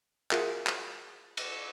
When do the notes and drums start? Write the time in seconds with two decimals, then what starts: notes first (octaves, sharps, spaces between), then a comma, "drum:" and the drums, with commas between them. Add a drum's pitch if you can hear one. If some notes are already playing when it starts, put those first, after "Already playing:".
0.31 F4 F#4 G#4 A#4 E5 F#5, drum: clap
0.67 drum: clap
1.37 drum: cymbal